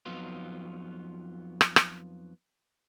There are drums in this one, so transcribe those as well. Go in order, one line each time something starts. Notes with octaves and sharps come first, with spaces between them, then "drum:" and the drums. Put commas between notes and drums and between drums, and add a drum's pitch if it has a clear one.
F2 F3 F#3 B3 D#4 F4
drum: rim click
drum: rim click